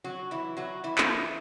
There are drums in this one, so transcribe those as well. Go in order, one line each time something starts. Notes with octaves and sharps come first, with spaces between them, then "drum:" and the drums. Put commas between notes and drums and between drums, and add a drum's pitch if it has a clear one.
F#3 F#4
E3 E4
F#3 F#4
E3 E4
drum: clap